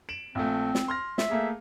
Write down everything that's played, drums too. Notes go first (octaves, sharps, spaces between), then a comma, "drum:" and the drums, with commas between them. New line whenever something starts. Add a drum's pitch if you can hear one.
D7 E7 F#7
A#1 A3 C4
drum: snare
C6 F6 A#6
E5, drum: snare
A3 A#3 G#4